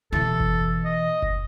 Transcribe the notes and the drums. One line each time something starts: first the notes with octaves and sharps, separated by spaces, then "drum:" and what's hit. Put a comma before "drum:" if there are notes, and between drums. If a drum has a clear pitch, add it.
B2 E3 A4
drum: kick F#1
D#5
drum: kick F#1